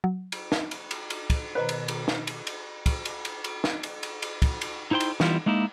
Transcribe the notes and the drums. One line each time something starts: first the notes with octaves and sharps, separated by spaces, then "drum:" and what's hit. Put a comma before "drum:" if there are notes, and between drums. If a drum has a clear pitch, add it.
F#3
drum: cymbal
drum: snare
drum: cymbal
drum: cymbal
drum: cymbal
drum: kick, cymbal
B2 D#3 B4 C5 D#5 A#5
drum: cymbal
drum: cymbal
drum: snare
drum: cymbal
drum: cymbal
drum: kick, cymbal
drum: cymbal
drum: cymbal
drum: cymbal
drum: snare
drum: cymbal
drum: cymbal
drum: cymbal
drum: kick, cymbal
drum: cymbal
D#4 E4 C5 G5 C6
drum: cymbal
E3 G3 B3 E4 F4, drum: snare
G#3 A#3 D#4 E4